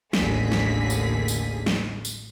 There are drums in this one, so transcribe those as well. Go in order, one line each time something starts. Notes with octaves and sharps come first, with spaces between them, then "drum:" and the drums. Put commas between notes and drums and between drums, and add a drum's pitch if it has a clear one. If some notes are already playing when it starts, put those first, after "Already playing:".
A1 D#2 D3 G#4 B6, drum: snare
drum: snare
drum: tambourine
drum: tambourine
drum: snare
drum: tambourine